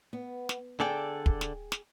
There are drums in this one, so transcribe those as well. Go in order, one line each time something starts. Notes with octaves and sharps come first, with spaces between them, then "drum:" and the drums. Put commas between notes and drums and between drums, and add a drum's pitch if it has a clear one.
B3
drum: snare
D3 G#4 A4 D5 G5
drum: kick
drum: snare
drum: snare